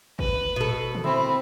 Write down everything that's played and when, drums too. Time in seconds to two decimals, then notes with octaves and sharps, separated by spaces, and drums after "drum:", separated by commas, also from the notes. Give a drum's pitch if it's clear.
0.19 B4, drum: kick
0.56 B2 A4
0.95 drum: tom D3
1.04 C4 E4 B5